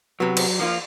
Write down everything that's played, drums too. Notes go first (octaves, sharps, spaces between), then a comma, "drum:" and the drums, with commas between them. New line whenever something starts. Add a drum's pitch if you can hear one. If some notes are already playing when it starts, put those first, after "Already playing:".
C3 F#3 B3
drum: cymbal
F3 A#3 F4